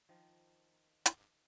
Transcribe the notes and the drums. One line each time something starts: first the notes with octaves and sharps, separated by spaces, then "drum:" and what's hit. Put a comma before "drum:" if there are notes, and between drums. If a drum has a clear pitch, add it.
D#3 F3
drum: hi-hat